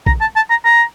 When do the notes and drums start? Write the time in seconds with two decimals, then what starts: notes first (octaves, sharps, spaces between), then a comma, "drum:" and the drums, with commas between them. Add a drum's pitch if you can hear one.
0.06 A#5, drum: kick
0.21 A5
0.36 A5
0.50 A#5
0.65 A#5